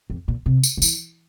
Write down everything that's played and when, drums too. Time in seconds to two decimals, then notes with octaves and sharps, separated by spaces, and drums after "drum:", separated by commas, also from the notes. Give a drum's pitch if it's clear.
0.10 F2
0.28 A#2
0.46 C3
0.64 drum: tambourine
0.77 C#3
0.82 E3, drum: tambourine